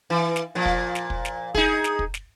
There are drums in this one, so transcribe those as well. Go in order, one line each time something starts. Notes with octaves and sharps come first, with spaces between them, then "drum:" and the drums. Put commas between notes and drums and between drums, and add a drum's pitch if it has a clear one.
E3
drum: snare
A#2 F3
drum: kick
drum: snare
drum: kick
drum: snare
D#4 G#4, drum: kick
drum: snare
drum: kick
drum: snare